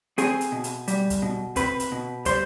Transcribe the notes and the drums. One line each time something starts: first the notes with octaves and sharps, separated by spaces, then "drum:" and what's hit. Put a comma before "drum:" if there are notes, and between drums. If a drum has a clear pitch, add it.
C4 G#4, drum: hi-hat
drum: hi-hat
B2
drum: hi-hat
G3, drum: hi-hat
drum: kick, hi-hat
B2
C4 B4, drum: kick, hi-hat
drum: hi-hat
B2
G3 C5, drum: kick, hi-hat